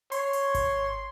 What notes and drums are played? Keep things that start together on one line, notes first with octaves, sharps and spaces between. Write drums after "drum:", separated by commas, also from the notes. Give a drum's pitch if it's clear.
C#5 C6, drum: hi-hat
drum: hi-hat
drum: kick G#1, hi-hat